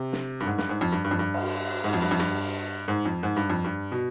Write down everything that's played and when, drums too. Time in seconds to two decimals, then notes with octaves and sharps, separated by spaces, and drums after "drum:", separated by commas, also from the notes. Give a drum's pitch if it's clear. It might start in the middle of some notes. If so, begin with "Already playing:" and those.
Already playing: C3
0.13 drum: snare
0.40 G2
0.47 G#2
0.58 G2, drum: snare
0.69 G#2
0.81 F2
0.92 G2
1.04 G2
1.11 F2
1.19 G2
1.34 drum: cymbal
1.84 G#2
1.93 F2
2.02 G2
2.11 F2
2.20 G2, drum: rim click
2.88 G#2
3.05 F2
3.23 G#2
3.36 G2
3.50 F2
3.64 G2
3.92 B2